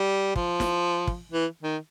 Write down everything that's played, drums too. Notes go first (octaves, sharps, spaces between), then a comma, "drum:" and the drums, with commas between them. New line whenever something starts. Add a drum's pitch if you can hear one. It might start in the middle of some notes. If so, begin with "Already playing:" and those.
Already playing: G3
F3, drum: kick
drum: snare
drum: kick
E3
D#3